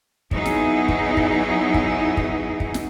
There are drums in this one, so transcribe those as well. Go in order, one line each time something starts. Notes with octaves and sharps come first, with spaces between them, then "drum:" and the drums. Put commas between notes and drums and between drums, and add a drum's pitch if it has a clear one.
F#3 B3 D#4 E4 G#4, drum: kick
drum: snare
drum: kick
drum: kick
drum: kick
drum: kick
drum: kick
drum: snare